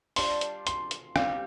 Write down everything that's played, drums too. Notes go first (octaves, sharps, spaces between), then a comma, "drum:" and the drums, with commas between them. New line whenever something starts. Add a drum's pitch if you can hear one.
G3 D4 F4 C6, drum: open hi-hat
drum: hi-hat
C6, drum: hi-hat
drum: hi-hat
G3 C4 G4 F5, drum: rim click